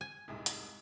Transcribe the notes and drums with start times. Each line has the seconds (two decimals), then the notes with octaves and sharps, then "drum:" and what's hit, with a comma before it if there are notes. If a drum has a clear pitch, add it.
0.01 G#5
0.28 F1 C2 G#2
0.46 drum: hi-hat